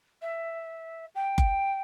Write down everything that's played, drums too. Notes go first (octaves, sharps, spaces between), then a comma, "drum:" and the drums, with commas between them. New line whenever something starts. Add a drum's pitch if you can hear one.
E5
G5
drum: kick F#1